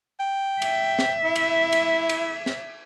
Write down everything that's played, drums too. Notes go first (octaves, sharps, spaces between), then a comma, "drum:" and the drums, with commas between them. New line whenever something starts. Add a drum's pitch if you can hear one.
G5
E5, drum: cymbal
drum: snare
E4
drum: cymbal
drum: cymbal
drum: cymbal
drum: snare